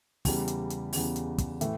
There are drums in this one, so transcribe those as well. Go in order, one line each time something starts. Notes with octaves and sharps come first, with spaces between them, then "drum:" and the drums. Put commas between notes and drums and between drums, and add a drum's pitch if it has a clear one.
E2 C#3 G3, drum: kick, open hi-hat
drum: hi-hat
drum: hi-hat
E2 C#3 G3, drum: open hi-hat
drum: hi-hat
drum: kick, hi-hat
A2 E3 A3, drum: hi-hat